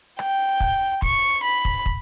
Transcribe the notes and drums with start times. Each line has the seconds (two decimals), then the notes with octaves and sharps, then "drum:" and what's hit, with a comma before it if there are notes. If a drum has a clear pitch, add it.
0.19 G5, drum: rim click
0.60 drum: kick
1.02 C#6, drum: kick
1.44 B5
1.65 drum: kick
1.86 drum: kick